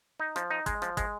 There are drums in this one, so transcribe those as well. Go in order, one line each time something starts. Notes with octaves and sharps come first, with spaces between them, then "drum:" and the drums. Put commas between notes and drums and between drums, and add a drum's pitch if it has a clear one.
D#4
F3, drum: rim click
D#4
G#3, drum: kick, hi-hat
F3, drum: rim click
G#3, drum: kick, hi-hat